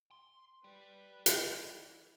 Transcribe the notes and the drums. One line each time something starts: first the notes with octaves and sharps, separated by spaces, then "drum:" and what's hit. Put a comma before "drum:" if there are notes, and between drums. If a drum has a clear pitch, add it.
C6
B4 D5 G5
E3, drum: hi-hat